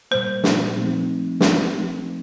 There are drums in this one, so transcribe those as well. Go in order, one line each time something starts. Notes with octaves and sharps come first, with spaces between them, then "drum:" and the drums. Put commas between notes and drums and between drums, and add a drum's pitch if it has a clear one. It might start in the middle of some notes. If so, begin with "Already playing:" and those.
A#2 G3 A#3 C5
drum: snare
F3 A3 C4 D#4
drum: snare